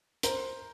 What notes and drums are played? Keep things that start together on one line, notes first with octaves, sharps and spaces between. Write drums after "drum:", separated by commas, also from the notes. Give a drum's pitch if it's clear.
A#4 C5, drum: hi-hat